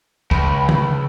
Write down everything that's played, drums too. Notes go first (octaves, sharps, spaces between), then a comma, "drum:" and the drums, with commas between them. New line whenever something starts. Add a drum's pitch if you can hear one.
C#2 B5, drum: kick
drum: tom